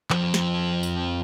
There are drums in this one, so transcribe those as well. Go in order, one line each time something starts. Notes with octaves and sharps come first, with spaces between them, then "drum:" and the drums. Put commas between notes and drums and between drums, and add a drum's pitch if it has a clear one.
F2 F3, drum: clap
drum: snare
drum: tambourine